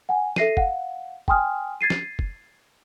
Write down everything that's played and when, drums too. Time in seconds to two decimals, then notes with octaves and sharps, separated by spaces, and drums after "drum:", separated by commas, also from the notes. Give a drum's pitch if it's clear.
0.09 F#5 G#5
0.36 A4 E5 A#6 C7 D#7, drum: snare
0.57 F5 F#5, drum: kick
1.28 G5 G#5 C6 D#6 F6, drum: kick
1.81 G#6 A6 C7 D#7
1.90 drum: snare
2.19 drum: kick